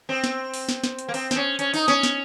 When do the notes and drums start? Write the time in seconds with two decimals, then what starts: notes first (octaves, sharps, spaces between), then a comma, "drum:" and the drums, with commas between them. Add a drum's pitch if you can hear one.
0.09 C4
0.24 drum: snare
0.54 drum: open hi-hat
0.69 drum: snare
0.84 drum: snare
0.99 drum: hi-hat
1.09 A#3
1.14 C4, drum: open hi-hat
1.31 C4, drum: snare
1.36 C#4
1.59 C#4, drum: hi-hat
1.74 D#4, drum: open hi-hat
1.88 C#4, drum: snare
2.03 drum: snare